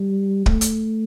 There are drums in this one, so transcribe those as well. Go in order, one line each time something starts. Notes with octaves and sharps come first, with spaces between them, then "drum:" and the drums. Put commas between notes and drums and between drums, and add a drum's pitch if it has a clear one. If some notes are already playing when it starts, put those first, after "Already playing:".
Already playing: G3
A3, drum: kick
drum: hi-hat